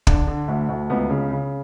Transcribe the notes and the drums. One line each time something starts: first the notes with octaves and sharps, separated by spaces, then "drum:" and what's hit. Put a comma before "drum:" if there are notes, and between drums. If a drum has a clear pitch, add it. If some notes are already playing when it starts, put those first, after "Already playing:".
D3 D4, drum: kick
D3
D2
D2
C#2 B3
C#3
C#3